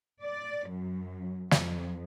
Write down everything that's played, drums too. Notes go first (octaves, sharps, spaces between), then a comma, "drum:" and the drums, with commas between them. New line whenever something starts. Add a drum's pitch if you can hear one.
D5
F#2
F2, drum: snare